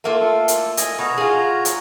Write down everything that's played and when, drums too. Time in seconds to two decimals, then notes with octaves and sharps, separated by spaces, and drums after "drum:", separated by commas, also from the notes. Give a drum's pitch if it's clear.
0.04 A3 A#3 F4
0.20 A4
0.48 drum: hi-hat
0.77 D#5 G#5, drum: hi-hat
0.99 B2 F#4 C#5 A#5
1.18 F4 G#4
1.65 drum: hi-hat